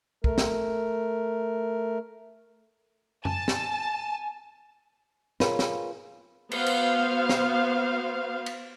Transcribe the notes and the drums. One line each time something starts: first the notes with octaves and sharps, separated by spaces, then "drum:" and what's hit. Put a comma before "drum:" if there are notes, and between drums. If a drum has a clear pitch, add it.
A3 A#4, drum: kick
drum: snare
G#5 A5, drum: tom F#2
drum: snare
F4 G#4 A#4 B4 C#5 F5, drum: snare
drum: snare
B3 F#4 C5 F5, drum: cymbal
drum: cymbal
drum: snare
drum: cymbal